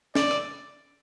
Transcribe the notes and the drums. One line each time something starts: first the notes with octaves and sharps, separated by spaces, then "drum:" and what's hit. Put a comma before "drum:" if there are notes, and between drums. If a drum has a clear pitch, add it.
D5, drum: snare
drum: rim click